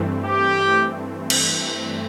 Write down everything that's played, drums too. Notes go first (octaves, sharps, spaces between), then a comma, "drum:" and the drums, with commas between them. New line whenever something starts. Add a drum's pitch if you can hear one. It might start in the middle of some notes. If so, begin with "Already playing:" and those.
Already playing: G2 E3 A3 C4
G4
drum: cymbal